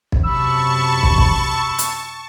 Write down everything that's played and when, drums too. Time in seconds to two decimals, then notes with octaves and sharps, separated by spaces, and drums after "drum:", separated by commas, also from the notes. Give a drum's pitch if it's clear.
0.12 drum: kick
0.24 F#2 C3 A5 B5 C#6 E6
1.03 drum: kick
1.18 drum: kick
1.78 drum: hi-hat